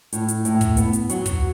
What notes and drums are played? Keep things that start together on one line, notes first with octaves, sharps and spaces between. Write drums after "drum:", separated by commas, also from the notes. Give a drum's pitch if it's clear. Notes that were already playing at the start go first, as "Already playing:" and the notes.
A2, drum: hi-hat
drum: hi-hat
A2, drum: hi-hat
drum: kick, hi-hat
B3, drum: hi-hat
drum: hi-hat
F#3, drum: hi-hat
drum: kick, hi-hat